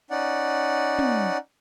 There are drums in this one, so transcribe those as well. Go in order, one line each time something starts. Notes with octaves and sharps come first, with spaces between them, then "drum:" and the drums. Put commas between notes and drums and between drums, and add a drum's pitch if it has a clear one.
C#4 D#4 D5 F#5
drum: tom